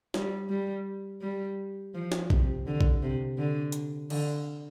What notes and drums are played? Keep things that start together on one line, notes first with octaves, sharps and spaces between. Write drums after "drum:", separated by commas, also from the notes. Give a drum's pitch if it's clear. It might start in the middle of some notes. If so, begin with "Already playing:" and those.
G3, drum: snare
G3
G3
F3
drum: snare
C3, drum: kick
D3
drum: kick
C3
D3
drum: hi-hat
D3, drum: cymbal